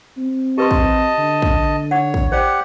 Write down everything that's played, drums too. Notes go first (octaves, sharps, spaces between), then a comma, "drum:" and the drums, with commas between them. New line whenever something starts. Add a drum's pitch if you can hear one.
C4
G4 B4 D#5 A5 C6
drum: kick
D3
drum: kick
C#5 F#5
drum: kick
G4 C5 D5 F#5